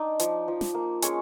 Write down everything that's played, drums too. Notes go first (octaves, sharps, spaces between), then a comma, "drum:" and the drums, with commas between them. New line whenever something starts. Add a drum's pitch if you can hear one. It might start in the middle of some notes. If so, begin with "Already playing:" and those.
Already playing: D4 D#4 D5
F3, drum: hi-hat
F3
drum: snare
A#3
G#3 C#4 C#5, drum: hi-hat